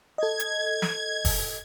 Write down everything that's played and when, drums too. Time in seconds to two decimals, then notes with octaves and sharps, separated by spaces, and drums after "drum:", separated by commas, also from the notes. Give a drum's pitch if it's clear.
0.18 A4 D#5 G#6
0.40 drum: hi-hat
0.82 drum: snare
1.25 drum: kick, open hi-hat